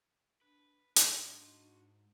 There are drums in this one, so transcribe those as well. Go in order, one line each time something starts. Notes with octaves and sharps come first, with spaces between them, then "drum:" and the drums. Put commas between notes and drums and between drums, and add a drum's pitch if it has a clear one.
D4 B4
G#2 D4 F#4 C6, drum: hi-hat